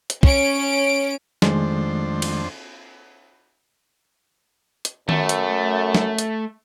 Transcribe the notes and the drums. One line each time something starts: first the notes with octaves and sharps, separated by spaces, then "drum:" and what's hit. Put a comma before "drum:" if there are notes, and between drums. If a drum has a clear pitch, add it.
drum: hi-hat
C#4 D7, drum: kick
F2 D#3 G#3 A3 D4 C5, drum: snare
drum: cymbal
drum: hi-hat
F#2 A3, drum: tom D#3
drum: hi-hat
drum: snare
drum: hi-hat